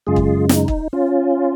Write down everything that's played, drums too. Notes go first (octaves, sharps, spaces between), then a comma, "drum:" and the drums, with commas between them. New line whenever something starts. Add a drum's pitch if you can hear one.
F#2 C#3 G#3 F4 G#4
drum: kick
D#4, drum: snare
drum: kick
C#4 F4